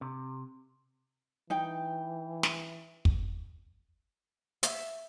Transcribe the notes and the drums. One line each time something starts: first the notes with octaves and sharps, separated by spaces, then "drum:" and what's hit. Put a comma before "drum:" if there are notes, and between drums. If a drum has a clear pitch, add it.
C3
E3 D#4 G5
drum: snare
drum: kick
E5, drum: hi-hat